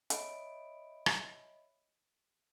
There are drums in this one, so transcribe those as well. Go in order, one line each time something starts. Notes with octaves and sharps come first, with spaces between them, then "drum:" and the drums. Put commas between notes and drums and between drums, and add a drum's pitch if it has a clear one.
C#5 D#5 E5 B5 D7, drum: hi-hat
drum: rim click